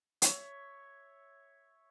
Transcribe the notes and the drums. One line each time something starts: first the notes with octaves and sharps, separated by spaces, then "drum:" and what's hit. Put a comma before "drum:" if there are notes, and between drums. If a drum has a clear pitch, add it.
C#5 E5, drum: hi-hat